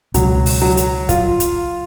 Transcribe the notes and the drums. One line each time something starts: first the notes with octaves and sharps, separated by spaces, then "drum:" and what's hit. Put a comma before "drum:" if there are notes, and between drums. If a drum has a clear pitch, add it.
C#2 B2 F#3 G#3 C#4, drum: hi-hat
drum: open hi-hat
F#3
drum: hi-hat
F4, drum: kick, hi-hat
drum: hi-hat